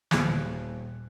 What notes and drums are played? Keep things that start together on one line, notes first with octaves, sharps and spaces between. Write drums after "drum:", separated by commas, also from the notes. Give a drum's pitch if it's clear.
D#1 F#6, drum: snare